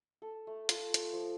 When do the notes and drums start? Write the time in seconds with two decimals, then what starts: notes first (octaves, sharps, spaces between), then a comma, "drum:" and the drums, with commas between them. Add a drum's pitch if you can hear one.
0.22 A4
0.47 A3
0.69 F4, drum: hi-hat
0.94 drum: hi-hat
1.13 F3